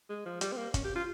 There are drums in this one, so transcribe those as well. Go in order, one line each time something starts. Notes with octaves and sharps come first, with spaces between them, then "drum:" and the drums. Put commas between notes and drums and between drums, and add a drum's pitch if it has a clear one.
G#3
F3
G3, drum: hi-hat
C4
A#3
C#4, drum: kick G1, hi-hat
G4
F4